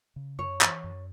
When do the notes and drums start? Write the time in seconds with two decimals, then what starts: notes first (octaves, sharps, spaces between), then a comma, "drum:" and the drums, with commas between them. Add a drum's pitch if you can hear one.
0.16 C#3
0.39 F#2 C#5
0.61 E3, drum: clap
0.84 F#2